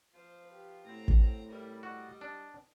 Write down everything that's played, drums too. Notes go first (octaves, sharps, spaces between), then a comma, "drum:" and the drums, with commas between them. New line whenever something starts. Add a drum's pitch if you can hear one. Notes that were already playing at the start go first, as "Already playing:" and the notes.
F3 F4 C5
G4 B4
A2 B3 C4 A#5
drum: kick
G3 E4 A#4
F#4 D#5
D4